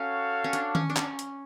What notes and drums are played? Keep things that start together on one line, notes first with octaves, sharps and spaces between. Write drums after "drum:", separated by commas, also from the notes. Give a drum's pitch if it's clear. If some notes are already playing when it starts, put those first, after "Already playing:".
Already playing: C#4 F#4 A4 C#5 F5
C#4
D4, drum: hi-hat
C#4, drum: tom D#3
D4
C#4, drum: clap
drum: hi-hat